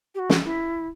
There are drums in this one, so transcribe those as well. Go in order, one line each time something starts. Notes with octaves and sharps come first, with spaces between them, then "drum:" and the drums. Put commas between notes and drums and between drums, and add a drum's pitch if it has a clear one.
G4
F#4
drum: snare
E4